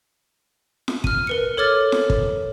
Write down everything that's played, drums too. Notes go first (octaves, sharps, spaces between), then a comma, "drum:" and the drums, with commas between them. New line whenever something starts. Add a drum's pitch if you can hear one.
drum: snare
F6 D#7, drum: kick
A#4 B4 C#7
A4 C#5 D6 F6 A6
drum: snare
drum: kick